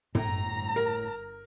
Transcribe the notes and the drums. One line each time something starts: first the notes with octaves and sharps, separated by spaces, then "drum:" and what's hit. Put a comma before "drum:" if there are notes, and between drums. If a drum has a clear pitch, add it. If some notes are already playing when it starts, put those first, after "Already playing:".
G1 A2 A#5, drum: tom
A#4